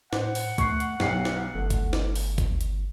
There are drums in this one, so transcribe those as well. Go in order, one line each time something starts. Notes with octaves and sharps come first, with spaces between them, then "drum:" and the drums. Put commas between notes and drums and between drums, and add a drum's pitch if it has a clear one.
A2 C5 F#5, drum: snare
drum: open hi-hat
A3 C#6 C7, drum: kick, hi-hat
drum: hi-hat
B1 F#3 G4 C7, drum: snare
drum: snare
G1 A3
drum: kick, hi-hat
drum: snare
drum: open hi-hat
drum: kick, hi-hat
drum: hi-hat